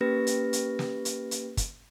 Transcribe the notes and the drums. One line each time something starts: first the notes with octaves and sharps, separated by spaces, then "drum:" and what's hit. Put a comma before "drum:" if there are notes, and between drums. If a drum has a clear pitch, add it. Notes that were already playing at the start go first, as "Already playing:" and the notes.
A#3 C#4 G4 B4 A#6
drum: hi-hat
drum: hi-hat
drum: snare
drum: hi-hat
drum: hi-hat
drum: kick, hi-hat